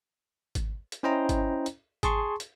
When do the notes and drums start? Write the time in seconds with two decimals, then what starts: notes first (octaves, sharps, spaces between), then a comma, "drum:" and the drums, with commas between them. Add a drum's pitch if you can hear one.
0.55 drum: kick G#1, hi-hat
0.92 drum: hi-hat
1.03 C#4 E4 C5 D#5 G5 A#5
1.29 drum: kick G#1, hi-hat
1.66 drum: hi-hat
2.03 G#4 A5 C6 C#6, drum: kick G#1, hi-hat
2.40 drum: hi-hat